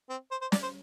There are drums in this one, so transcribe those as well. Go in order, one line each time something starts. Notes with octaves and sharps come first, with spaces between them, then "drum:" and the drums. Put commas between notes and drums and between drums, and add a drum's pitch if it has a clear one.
C4
C5
C5
D5, drum: snare
C5